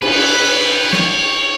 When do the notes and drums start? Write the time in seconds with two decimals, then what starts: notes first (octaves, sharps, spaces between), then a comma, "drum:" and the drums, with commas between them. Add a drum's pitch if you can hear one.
0.02 B4, drum: cymbal
0.84 B4
0.93 C#5, drum: snare